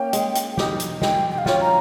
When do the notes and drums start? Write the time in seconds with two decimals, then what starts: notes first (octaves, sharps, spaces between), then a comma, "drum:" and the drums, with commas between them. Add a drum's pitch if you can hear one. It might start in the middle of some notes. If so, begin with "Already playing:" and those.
Already playing: A#3 C#4 G5
0.13 G#3, drum: hi-hat
0.35 drum: hi-hat
0.57 D#4 G4, drum: snare
0.80 drum: hi-hat
1.02 G#3 G5, drum: snare
1.31 G5
1.38 F5
1.46 C#4 F4 G5, drum: snare
1.61 A#5